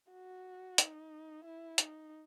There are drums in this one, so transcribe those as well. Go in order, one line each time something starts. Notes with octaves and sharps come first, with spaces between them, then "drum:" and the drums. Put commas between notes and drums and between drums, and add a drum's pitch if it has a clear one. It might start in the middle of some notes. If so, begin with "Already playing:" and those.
F#4
D#4, drum: hi-hat
E4
D#4, drum: hi-hat